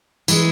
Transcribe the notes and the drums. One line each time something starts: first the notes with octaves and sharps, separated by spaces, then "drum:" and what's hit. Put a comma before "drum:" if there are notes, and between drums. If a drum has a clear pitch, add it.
E3 G#3, drum: tambourine